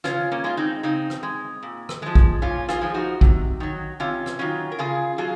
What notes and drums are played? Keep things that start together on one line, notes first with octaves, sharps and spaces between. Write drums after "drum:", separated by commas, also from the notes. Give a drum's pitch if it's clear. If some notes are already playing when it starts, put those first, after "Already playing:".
C#3 C#4 F4, drum: rim click
A#3 C#4
G#3 F4
C4 D#4
C#3 C4 D#4
drum: rim click
G#3
A#2
drum: rim click
F3 G#3
drum: kick
A#2 C#4 F4
F4 G#4, drum: rim click
F3 G#3
D#4 F#4
C3, drum: kick
D#3 F#3
C3 C#4 F4
drum: rim click
D#3 F#3 C#4 F4
A#4
C#3 F4 G#4
F#3 F4 G#4